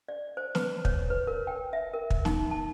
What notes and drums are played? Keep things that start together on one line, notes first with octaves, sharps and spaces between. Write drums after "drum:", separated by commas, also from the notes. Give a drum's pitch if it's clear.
D5
C5
B4, drum: snare
C#5, drum: kick
B4
A#4
G5
E5
A#4
drum: kick
D#4, drum: snare
A5